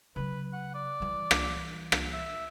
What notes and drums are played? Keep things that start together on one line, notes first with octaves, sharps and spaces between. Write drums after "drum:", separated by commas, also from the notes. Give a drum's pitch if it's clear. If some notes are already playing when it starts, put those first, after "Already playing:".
C#3 F#3 B4
F#5
D5
E3 G3
drum: rim click
drum: rim click
E5